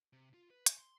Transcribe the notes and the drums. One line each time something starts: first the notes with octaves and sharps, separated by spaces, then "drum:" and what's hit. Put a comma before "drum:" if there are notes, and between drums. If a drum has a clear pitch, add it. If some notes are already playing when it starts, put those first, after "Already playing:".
C3
F4
B4
G#5, drum: hi-hat
C6